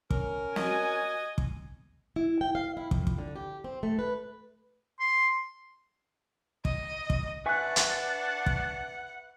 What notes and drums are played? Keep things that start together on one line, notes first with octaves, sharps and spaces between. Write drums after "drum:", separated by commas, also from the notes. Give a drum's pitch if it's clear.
C#4 A#4, drum: kick
F#4 D#5 G#5, drum: snare
drum: kick
E4
G5
F5
E4
F2, drum: kick
drum: kick
D3
G4
C4
A3
B4
C6
D#5, drum: kick
drum: kick
D4 B4 E5 F#5 G#5 C#6 F#6
drum: hi-hat
drum: kick